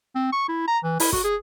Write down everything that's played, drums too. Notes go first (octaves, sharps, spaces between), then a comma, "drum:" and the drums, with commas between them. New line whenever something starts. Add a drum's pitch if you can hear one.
C4
C#6
E4
A#5
E3
E4, drum: open hi-hat
F#4, drum: kick
G#4